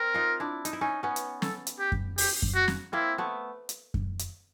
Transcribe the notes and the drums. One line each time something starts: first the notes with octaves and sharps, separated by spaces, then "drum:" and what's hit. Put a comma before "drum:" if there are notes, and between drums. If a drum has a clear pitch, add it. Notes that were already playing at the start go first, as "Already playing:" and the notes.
Already playing: C4 A#4
D#4 F4
D4 E4
D#4, drum: hi-hat
E4
C#4 D#4
B3 C#4
drum: hi-hat
A4, drum: snare
drum: hi-hat
G4
drum: kick F#2
G4, drum: open hi-hat
drum: kick F#2
F#4
drum: snare
A#3 C4 E4
A3 B3
drum: hi-hat
drum: kick F#2
drum: hi-hat